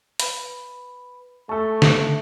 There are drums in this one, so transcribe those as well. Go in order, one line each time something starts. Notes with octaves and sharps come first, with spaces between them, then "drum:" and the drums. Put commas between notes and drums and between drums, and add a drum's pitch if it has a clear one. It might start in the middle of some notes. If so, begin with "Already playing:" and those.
B4 B5, drum: hi-hat
A3 A4 A5 C#6
drum: snare